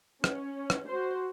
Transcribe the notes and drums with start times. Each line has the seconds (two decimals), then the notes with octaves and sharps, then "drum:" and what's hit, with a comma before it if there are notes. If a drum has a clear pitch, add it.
0.24 C#4, drum: rim click
0.70 drum: rim click
0.88 F#4 C5